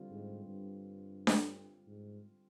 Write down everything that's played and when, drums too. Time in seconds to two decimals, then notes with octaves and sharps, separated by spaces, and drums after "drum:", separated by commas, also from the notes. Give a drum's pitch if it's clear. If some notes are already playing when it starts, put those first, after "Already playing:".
Already playing: D3 G3 C4 F4
0.10 G#2
0.45 G2
1.27 drum: snare D4
1.87 G#2